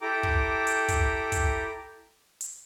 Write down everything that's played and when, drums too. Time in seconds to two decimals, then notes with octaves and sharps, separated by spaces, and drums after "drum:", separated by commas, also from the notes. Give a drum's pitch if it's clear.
0.02 E4 G4 A4 G5 A#5 D6
0.23 drum: kick
0.67 drum: hi-hat
0.88 drum: kick, hi-hat
1.32 drum: kick, hi-hat
2.41 drum: hi-hat